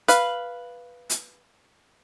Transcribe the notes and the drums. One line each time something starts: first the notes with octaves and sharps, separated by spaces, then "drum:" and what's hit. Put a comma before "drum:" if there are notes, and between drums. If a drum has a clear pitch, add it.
B4 F5, drum: hi-hat
drum: hi-hat